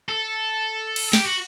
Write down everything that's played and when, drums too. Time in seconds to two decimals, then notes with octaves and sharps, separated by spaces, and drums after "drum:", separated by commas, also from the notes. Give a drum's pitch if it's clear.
0.09 A4
0.96 drum: cymbal
1.13 G4, drum: snare
1.25 F#4